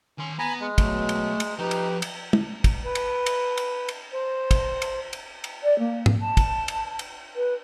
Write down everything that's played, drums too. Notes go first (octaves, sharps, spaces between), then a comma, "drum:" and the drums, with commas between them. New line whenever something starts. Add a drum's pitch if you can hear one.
D#3 C#4 C6
B3 G#5 A#5 B5
G#3
B2 F#3 A3, drum: kick, cymbal
drum: cymbal
drum: cymbal
F3 D#4 G4 B4 G5
drum: cymbal
drum: cymbal
drum: tom
drum: kick, cymbal
B4
drum: cymbal
drum: cymbal
drum: cymbal
drum: cymbal
C5
drum: kick, cymbal
drum: cymbal
drum: cymbal
drum: cymbal
D5
A#3
drum: tom G#2
A5
drum: kick, cymbal
drum: cymbal
drum: cymbal
B4